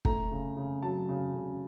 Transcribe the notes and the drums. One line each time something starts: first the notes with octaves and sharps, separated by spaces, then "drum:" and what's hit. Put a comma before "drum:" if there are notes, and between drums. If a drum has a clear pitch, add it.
A3 A#5, drum: kick
C#3
C#3
F#3 A5
C#3
C#3